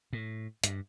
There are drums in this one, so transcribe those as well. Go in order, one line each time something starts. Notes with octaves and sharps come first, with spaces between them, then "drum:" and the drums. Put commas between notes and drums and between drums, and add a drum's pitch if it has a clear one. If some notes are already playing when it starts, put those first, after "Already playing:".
A2
G2, drum: hi-hat